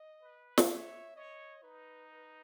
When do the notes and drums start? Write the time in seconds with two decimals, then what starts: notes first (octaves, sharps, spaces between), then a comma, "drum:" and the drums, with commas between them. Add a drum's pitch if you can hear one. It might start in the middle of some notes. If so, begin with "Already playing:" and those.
Already playing: D#5
0.22 B4
0.58 drum: snare
0.69 C#5 E5
1.16 C#5 D#5
1.63 D#4 B4
2.11 B4